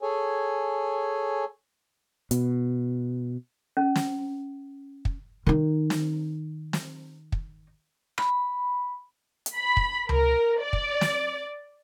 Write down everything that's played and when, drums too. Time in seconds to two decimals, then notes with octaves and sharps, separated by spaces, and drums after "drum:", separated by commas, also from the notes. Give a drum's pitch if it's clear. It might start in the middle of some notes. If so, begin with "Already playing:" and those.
0.01 G#4 A4 C#5 G#5
2.31 B2, drum: hi-hat
3.77 C#4
3.96 drum: snare
5.05 drum: kick
5.46 D#3 D#4
5.90 drum: snare
6.73 drum: snare
7.32 drum: kick
8.18 B5, drum: rim click
9.46 drum: hi-hat
9.55 B5
9.77 drum: kick
10.09 A#4, drum: tom C#2
10.61 D5
10.73 drum: kick
11.01 drum: snare